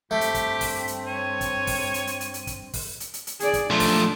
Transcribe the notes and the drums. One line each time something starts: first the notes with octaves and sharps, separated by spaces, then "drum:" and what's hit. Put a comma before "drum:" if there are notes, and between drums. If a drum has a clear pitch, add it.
G2 A3 C4 G4 B6
drum: hi-hat
drum: kick, hi-hat
drum: kick, open hi-hat
drum: hi-hat
C#5 D#7
drum: kick, hi-hat
drum: kick, open hi-hat
drum: hi-hat
drum: hi-hat
drum: hi-hat
drum: hi-hat
drum: kick, hi-hat
drum: kick, open hi-hat
drum: hi-hat
drum: hi-hat
drum: hi-hat
G#4 D5, drum: hi-hat
drum: kick, hi-hat
F3 A3 D4
drum: kick, open hi-hat